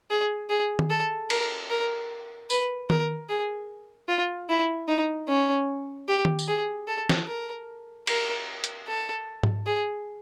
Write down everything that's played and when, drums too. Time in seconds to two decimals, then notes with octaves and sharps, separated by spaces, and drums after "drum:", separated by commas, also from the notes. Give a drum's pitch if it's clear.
0.11 G#4
0.50 G#4
0.79 drum: tom D#3
0.90 A4
1.30 A#4, drum: cymbal
1.70 A#4
2.50 B4, drum: tambourine
2.90 A#4, drum: tom D#3
3.29 G#4
4.08 F4
4.49 E4
4.89 D#4
5.28 C#4
6.08 G4
6.25 drum: tom D#3
6.39 drum: tambourine
6.48 G#4
6.87 A4
7.09 drum: snare
7.27 A#4
8.07 A#4, drum: cymbal
8.64 drum: hi-hat
8.88 A4
9.43 drum: tom G#2
9.67 G#4